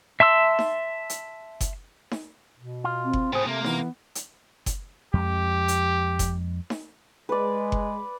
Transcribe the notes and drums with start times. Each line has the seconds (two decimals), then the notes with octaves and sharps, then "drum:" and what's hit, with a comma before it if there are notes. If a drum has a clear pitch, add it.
0.20 E5 A5 C6 E6
0.59 drum: snare D#4
1.10 drum: hi-hat
1.61 drum: kick F#1, hi-hat
2.11 drum: snare D#4
2.58 B2
2.84 F4
3.04 C4
3.13 drum: kick F#1
3.33 A2 B3 C4 G#4 C5
3.46 C3 A3 A#3
3.64 E3 B3, drum: snare D#4
4.15 drum: hi-hat
4.66 drum: kick F#1, hi-hat
5.13 F2 G#3 G4
5.68 drum: hi-hat
6.19 drum: kick F#1, hi-hat
6.70 drum: snare D#4
7.29 G#3 B4 D5
7.72 drum: kick F#1